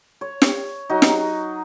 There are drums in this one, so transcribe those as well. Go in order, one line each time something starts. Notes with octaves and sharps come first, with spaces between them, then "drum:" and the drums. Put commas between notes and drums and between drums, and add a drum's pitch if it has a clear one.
C#5
C#5, drum: snare
F#3 D#4
drum: snare